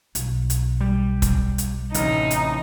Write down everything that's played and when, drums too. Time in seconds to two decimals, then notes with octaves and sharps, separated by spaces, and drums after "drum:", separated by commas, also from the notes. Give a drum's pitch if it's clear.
0.15 B1, drum: hi-hat
0.50 drum: hi-hat
0.80 G3
1.22 drum: kick, hi-hat
1.58 drum: hi-hat
1.94 A1 A2 C3 D#4, drum: hi-hat
2.31 drum: hi-hat